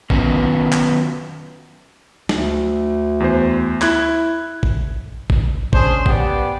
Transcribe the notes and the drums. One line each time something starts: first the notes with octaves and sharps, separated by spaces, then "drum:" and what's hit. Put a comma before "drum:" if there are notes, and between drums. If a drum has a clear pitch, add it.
D#3 F#3 B3 C#4 F4, drum: kick G#1
drum: clap
D2, drum: snare
E2 C5
E4 F#6 G#6, drum: clap
drum: kick G#1
drum: kick G#1
C#4 D4 G#4 C5, drum: kick G#1
B3 G4 D5 F#5, drum: kick G#1